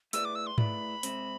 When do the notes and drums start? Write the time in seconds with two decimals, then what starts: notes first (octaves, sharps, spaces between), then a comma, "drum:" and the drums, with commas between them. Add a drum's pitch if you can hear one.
0.13 A3 E4 G#4 B4 D5 E6, drum: hi-hat
0.25 D6
0.35 E6
0.47 C6
0.58 A3 E4 G#4 B4 D5 B5, drum: tom G#2
1.03 C3 G#3 C4, drum: hi-hat